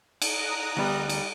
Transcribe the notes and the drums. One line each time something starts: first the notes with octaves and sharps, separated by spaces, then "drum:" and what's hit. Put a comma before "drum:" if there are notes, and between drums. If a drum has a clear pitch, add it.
A#5 D#6 F#6, drum: cymbal
D2 G3 B3 B5
drum: cymbal